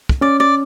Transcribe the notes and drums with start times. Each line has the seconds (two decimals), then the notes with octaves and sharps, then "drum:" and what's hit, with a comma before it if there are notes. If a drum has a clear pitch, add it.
0.09 drum: kick
0.21 C#4 D5
0.40 D5